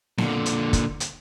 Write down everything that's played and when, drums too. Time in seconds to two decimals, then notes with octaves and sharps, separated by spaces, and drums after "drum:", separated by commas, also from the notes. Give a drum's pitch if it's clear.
0.18 A#2 D3, drum: snare B3
0.46 drum: hi-hat
0.73 drum: kick, hi-hat
1.00 drum: hi-hat